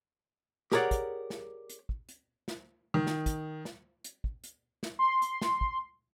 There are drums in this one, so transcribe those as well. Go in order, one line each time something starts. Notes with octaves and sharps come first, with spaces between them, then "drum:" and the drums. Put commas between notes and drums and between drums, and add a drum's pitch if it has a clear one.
G4 G#4 A#4 C#5 D5 F#5, drum: snare
drum: kick, hi-hat
drum: snare
drum: hi-hat
drum: kick
drum: hi-hat
drum: snare
D#3
drum: snare
drum: kick, hi-hat
drum: snare
drum: hi-hat
drum: kick
drum: hi-hat
drum: snare
C6
drum: hi-hat
drum: snare
drum: kick